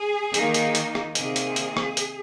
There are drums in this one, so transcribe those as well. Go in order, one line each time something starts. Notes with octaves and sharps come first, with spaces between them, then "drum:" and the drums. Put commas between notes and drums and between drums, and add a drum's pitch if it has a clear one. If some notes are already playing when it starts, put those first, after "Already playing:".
Already playing: G#4
D#3 A#3 D#4, drum: hi-hat
drum: hi-hat
drum: hi-hat
drum: rim click
C3 D#3 A#3 G#4, drum: hi-hat
drum: hi-hat
drum: hi-hat
drum: rim click
drum: hi-hat